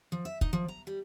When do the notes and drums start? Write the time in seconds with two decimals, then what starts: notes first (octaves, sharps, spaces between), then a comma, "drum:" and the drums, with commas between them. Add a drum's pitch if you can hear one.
0.12 F3
0.25 E5
0.41 D#4, drum: kick
0.53 F3
0.68 A#5
0.87 G3